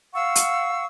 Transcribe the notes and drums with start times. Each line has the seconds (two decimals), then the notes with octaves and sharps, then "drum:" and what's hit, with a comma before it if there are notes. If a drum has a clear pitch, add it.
0.14 F5 F#5 C#6 E6
0.36 drum: hi-hat